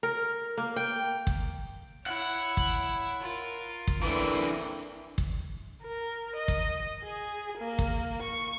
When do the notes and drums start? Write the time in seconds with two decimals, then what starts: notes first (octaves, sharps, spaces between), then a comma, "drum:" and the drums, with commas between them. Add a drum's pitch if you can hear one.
0.03 A#4
0.57 A#3
0.76 G5
1.27 drum: kick
2.06 E4 C#5 F#5
2.57 drum: kick
3.21 F4 A#4
3.87 drum: kick
4.03 D3 E3 A#3 C4
5.18 drum: kick
5.83 A#4
6.36 D#5
6.48 drum: kick
7.04 G#4
7.58 A#3
7.79 drum: kick
8.22 C#6